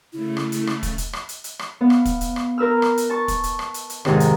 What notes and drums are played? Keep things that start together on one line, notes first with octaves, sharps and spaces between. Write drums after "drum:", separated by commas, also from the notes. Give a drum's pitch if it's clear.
C#3 A3 E4
drum: rim click
drum: hi-hat
drum: rim click
drum: kick, hi-hat
drum: hi-hat
drum: rim click
drum: hi-hat
drum: hi-hat
drum: rim click
B3 F5
drum: rim click
drum: kick, hi-hat
drum: hi-hat
drum: rim click
A#4 B4 E6 F6
drum: rim click
drum: hi-hat
A5 C#6
drum: kick, hi-hat
drum: hi-hat
drum: rim click
drum: hi-hat
drum: hi-hat
F2 G#2 C3 D#3, drum: rim click
drum: hi-hat